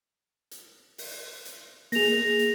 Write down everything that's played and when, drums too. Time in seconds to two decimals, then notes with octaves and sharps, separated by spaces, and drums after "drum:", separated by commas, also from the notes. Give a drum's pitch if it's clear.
0.51 drum: hi-hat
0.98 drum: open hi-hat
1.45 drum: hi-hat
1.92 A#3 G#4 A#6 F7, drum: open hi-hat
2.39 drum: hi-hat